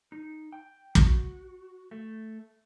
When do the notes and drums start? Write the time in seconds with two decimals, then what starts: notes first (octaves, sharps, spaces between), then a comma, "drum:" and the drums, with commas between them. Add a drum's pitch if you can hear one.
0.12 D#4
0.52 G5
0.95 F#4, drum: kick
1.91 A3